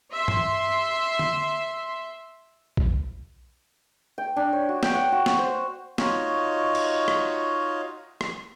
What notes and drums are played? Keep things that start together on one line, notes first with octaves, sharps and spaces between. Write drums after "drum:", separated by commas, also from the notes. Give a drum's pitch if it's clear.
E5 C6
drum: tom G2
drum: tom D3
drum: kick A#1
G5
D4
C#5
F#4
G5, drum: snare
F#5
F#4
drum: snare
C5
D#4 F4 F#4 C#5 D#5 F5, drum: snare
drum: cymbal
drum: rim click
drum: rim click